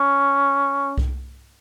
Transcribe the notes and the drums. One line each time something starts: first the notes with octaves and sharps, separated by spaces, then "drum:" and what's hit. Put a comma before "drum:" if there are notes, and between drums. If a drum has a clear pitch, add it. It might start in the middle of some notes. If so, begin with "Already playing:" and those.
Already playing: C#4
drum: kick C2